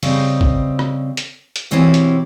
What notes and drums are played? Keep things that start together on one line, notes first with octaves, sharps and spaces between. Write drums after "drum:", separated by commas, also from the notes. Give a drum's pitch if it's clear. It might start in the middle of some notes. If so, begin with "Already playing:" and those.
C#3 G3 C4 C5 D#5, drum: open hi-hat
drum: kick
drum: rim click
drum: hi-hat
drum: hi-hat
B2 E3 C4 C#4 E4 G4
drum: hi-hat